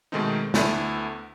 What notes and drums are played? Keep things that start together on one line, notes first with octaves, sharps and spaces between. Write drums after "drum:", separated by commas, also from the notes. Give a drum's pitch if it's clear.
B2 D#3 G#3 A3 C4 D#4
D2 A3 B3 E4, drum: snare